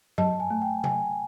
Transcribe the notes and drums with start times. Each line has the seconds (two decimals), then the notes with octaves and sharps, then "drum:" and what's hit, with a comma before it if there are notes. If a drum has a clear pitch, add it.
0.18 F#3 A5, drum: tom F#2
0.40 G#5
0.50 A3
0.62 G5
0.84 F#3 G#5, drum: tom C3